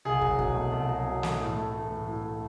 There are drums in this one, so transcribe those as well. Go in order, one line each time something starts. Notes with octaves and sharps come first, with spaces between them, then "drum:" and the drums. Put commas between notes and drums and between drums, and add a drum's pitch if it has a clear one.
C2 G#4
F#3, drum: kick
B2, drum: kick
A3
C2
F#3
B2
A3, drum: snare
A2
A3
E3
A2
A2
A3